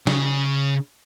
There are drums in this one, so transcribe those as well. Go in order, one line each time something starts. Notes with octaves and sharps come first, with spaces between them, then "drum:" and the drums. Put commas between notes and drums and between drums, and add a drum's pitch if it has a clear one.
C#3, drum: snare